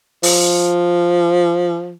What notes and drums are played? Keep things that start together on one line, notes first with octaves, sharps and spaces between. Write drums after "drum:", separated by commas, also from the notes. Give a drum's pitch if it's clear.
F3, drum: open hi-hat